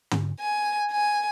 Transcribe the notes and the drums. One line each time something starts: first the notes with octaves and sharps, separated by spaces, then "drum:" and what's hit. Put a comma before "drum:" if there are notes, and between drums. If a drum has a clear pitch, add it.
drum: tom
G#5
G#5